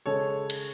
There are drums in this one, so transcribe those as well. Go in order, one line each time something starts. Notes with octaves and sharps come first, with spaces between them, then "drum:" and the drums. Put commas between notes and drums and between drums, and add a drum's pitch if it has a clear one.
C#3 G#3 A4 C#5
drum: cymbal